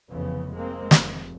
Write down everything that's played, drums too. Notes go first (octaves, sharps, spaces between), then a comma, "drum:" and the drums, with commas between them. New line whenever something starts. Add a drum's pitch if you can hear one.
F1 F2 C#3 E3 B3
G#3 A#3 C4
F1, drum: snare